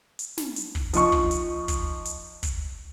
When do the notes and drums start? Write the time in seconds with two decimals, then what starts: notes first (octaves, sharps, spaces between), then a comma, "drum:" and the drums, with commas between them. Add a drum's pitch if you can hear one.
0.19 drum: hi-hat
0.38 drum: snare
0.56 drum: hi-hat
0.75 drum: kick
0.93 F3 D#4 C#6, drum: hi-hat
1.12 drum: kick
1.31 drum: hi-hat
1.68 drum: kick, hi-hat
2.05 drum: hi-hat
2.43 drum: kick, hi-hat